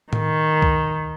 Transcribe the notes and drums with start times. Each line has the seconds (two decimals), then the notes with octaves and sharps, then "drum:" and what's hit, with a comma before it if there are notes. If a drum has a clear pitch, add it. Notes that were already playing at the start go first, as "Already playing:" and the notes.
0.13 D#3, drum: tom A2
0.62 drum: kick C2